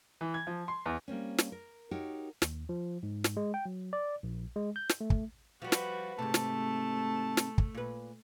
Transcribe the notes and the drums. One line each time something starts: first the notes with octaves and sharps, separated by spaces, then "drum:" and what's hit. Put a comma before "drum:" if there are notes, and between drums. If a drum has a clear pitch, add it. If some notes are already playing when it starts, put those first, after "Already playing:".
E3
G#6
F3
C6
E2
G3 A#3 C4 C#4
drum: snare
A#4
D#4 F#4 G4 A#4 C#5
D#2, drum: snare
F3
G#2
drum: snare
G#3
G5
F#3
D5
A#1
G#3
G6
drum: snare
A3
drum: kick
F3 G3 F#4 B4
drum: snare
G#2 C3 A3 A5
drum: snare
drum: snare
drum: kick
A#2 B4